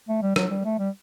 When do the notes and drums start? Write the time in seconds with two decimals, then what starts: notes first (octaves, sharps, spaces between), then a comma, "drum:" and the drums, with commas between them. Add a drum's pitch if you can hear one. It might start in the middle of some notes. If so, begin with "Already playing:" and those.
0.09 A3
0.22 G3
0.36 F#3, drum: rim click
0.51 G3
0.65 A3
0.79 G3